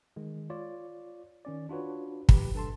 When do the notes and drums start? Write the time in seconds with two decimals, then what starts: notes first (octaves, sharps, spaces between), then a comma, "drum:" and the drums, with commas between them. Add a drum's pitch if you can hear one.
0.16 D#3 G#3
0.50 F4 C#5 D5
1.45 D#3 C#4 D5
1.69 D4 F4 F#4 B4 C#5
2.29 A#1 G4 B4, drum: kick
2.54 G2 A4 A5 C6